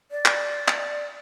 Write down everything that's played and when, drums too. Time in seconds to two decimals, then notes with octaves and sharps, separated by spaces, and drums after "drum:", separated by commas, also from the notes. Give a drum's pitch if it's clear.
0.11 D5
0.25 drum: clap
0.68 drum: clap